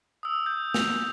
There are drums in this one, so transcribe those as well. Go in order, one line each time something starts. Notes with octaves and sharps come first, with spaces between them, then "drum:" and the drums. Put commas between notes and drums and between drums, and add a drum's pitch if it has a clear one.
D#6 E6
G6
F7, drum: snare